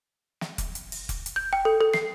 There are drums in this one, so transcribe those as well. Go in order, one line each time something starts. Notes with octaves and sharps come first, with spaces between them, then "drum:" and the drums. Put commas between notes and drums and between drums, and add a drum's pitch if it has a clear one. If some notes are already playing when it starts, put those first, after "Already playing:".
drum: snare
drum: kick F1, hi-hat
drum: hi-hat
drum: open hi-hat
drum: kick F1, hi-hat
drum: hi-hat
G6
G5
A4
A4
C7, drum: snare